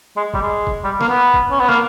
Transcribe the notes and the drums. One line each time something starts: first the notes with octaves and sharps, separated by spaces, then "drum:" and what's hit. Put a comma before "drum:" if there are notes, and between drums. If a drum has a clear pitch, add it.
G#3
G3, drum: kick
G#3
drum: kick
G3
A#3, drum: snare
B3
drum: kick
C#4
B3
A#3, drum: snare